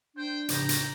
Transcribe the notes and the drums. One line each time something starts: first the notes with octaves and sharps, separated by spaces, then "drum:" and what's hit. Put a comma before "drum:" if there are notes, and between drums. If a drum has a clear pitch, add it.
D4 C5 G5
A2 C#3 F3 G5 A#5, drum: hi-hat
drum: hi-hat